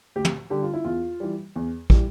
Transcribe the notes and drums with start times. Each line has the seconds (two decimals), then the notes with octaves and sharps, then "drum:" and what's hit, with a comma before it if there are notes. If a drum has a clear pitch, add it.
0.16 D2 G4
0.25 drum: tom
0.50 D3 G3 G4
0.62 F4
0.74 E4
0.85 E2 F4
1.20 E3 G3
1.56 E2
1.90 E3 G3, drum: kick